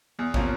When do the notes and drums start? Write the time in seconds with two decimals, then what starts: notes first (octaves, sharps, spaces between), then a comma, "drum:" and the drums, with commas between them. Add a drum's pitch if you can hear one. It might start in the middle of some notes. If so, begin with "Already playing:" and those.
0.19 E2
0.34 C3 F3 A#3 C#4, drum: kick